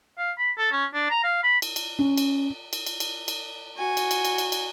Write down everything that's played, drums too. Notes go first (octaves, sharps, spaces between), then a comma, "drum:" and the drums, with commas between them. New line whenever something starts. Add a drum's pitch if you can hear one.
F5
B5
A4
C#4
D4
A#5
F5
B5
drum: cymbal
drum: cymbal
C#4
drum: cymbal
drum: cymbal
drum: cymbal
drum: cymbal
drum: cymbal
F#4 G#5
drum: cymbal
drum: cymbal
drum: cymbal
drum: cymbal
drum: cymbal